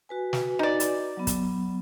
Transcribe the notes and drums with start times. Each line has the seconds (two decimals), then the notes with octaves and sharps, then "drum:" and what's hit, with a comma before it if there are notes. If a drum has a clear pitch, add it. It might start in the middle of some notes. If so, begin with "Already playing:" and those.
0.09 F#4 B4 G#5
0.33 drum: snare
0.59 D#4 D5
0.80 drum: hi-hat
1.17 F#3 B3
1.27 drum: kick, hi-hat